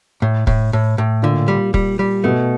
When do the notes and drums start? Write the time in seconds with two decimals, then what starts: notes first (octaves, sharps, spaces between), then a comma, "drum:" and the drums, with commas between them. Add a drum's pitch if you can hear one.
0.22 A2
0.47 A2, drum: kick
0.73 A2
0.98 A2
1.23 A#2 D3
1.48 G3
1.74 G3, drum: kick
1.99 G3
2.24 B2 A3